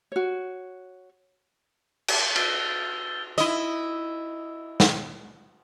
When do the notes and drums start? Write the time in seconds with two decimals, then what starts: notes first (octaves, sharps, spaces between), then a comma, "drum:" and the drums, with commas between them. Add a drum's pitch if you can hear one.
0.12 F#4 C#5
2.08 drum: cymbal
2.36 E6 F6 G6 A6 G7, drum: cymbal
3.38 E4 D#5, drum: hi-hat
4.80 drum: snare